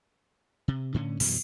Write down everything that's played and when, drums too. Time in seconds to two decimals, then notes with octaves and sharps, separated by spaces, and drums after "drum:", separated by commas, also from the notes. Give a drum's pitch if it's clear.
0.68 C3
0.94 A2 D3 C#4
1.20 F#2 B2 E3 G3, drum: open hi-hat